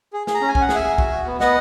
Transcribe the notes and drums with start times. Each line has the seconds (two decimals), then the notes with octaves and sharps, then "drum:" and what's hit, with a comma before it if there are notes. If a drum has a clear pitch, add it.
0.13 G#4
0.27 G#4, drum: snare
0.35 A#5
0.41 C#4
0.48 G#5
0.55 C#4, drum: kick
0.61 F#5
0.69 G#4, drum: snare
0.75 E5 G#5
0.84 G#4
0.98 F#4, drum: kick
1.12 F#4
1.26 B3
1.40 B3 D#5 F#5, drum: snare